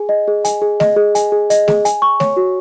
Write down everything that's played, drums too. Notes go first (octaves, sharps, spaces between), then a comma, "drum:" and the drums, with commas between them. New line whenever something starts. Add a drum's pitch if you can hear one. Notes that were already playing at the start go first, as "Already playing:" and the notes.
Already playing: G#4 G#5
D#5
G#4
G#5, drum: hi-hat
G#4
D#5, drum: snare A3
G#4
G#5, drum: hi-hat
G#4
D#5, drum: hi-hat
G#4, drum: snare A3
G#5, drum: hi-hat
C#6
C#5, drum: snare A3
F#4